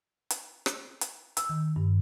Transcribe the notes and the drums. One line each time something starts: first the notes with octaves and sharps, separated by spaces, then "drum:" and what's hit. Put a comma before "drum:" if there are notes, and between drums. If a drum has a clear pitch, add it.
drum: hi-hat
drum: rim click
drum: hi-hat
E6, drum: hi-hat
D#3
G2